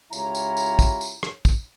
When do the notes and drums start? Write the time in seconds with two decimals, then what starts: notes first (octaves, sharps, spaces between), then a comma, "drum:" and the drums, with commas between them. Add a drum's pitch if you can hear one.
0.13 C#2 E4 F4 G4 C#5 A#5, drum: tambourine
0.35 drum: tambourine
0.57 drum: tambourine
0.79 drum: kick, tambourine
1.01 drum: tambourine
1.23 drum: rim click
1.45 drum: kick, tambourine